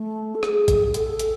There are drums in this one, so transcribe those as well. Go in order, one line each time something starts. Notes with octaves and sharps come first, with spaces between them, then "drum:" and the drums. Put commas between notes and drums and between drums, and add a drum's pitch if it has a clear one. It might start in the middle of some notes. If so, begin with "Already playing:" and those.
Already playing: A3
A4
G#4, drum: rim click
drum: kick, hi-hat
G#4
A4, drum: hi-hat
drum: hi-hat